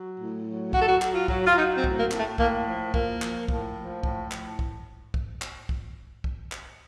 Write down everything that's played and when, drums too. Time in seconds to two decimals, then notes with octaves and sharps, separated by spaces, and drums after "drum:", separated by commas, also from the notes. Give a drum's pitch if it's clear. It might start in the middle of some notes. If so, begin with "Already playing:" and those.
Already playing: F#3
0.19 A2
0.46 F#3
0.73 F#3 F#4, drum: kick C2
0.81 A4
0.88 F#4
1.02 F#3, drum: clap
1.14 F4
1.28 F#3, drum: kick C2
1.47 F4
1.56 F#3 D#4
1.76 C4
1.84 A2, drum: kick C2
1.98 A#3
2.11 A2, drum: clap
2.18 A3
2.38 A2 A#3, drum: kick C2
2.67 F3
2.94 F3 A#3, drum: kick C2
3.22 F3, drum: clap
3.48 A2, drum: kick C2
3.77 F3
4.03 A2, drum: kick C2
4.31 drum: clap
4.59 drum: kick C2
5.14 drum: kick C2
5.42 drum: clap
5.69 drum: kick C2
6.24 drum: kick C2
6.52 drum: clap